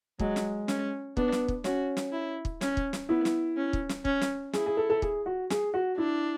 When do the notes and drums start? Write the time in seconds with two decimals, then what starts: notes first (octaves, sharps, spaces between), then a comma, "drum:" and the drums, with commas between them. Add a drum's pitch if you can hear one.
0.19 F#3 G#3, drum: kick
0.36 drum: snare
0.68 C#4, drum: snare
1.17 B3 D4, drum: kick
1.32 drum: snare
1.48 drum: kick
1.64 C#4 F#4, drum: snare
1.97 drum: snare
2.12 E4
2.45 drum: kick
2.61 C#4, drum: snare
2.77 drum: kick
2.93 drum: snare
3.09 B3 E4
3.25 drum: snare
3.57 C#4
3.73 drum: kick
3.89 drum: snare
4.05 C#4, drum: kick
4.21 drum: snare
4.53 E4 G#4, drum: snare
4.66 G#4
4.77 A4
4.90 A4
5.02 G#4, drum: kick
5.26 F#4
5.50 G#4, drum: snare
5.74 F#4
5.98 D4 E4